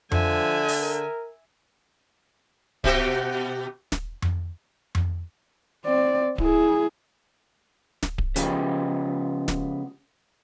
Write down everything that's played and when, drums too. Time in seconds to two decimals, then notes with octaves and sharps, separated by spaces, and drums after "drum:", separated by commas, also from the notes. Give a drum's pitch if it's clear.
0.11 D3 F3 E5 G#5, drum: tom F2
0.69 drum: open hi-hat
0.80 A#4
2.84 B2 F#4 G4, drum: kick D1
3.92 drum: snare
4.22 drum: tom F2
4.95 drum: tom F2
5.85 C4 D5
6.38 E4 G#4, drum: kick D1
8.03 drum: snare
8.18 drum: kick D1
8.36 C#3 F3 G#3 B3 G4 G#4, drum: hi-hat
9.48 drum: snare